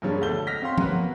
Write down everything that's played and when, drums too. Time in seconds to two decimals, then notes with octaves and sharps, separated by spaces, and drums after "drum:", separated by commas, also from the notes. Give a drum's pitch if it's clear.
0.02 G2 C#3 F3 A#3 C#4 D4
0.21 D2 A4 G6 G7
0.47 D#5 F6 A#6 B6
0.61 C4 C#4 F#4 F5 C6
0.78 F#3 A#3 B3 F#4 B4, drum: tom F3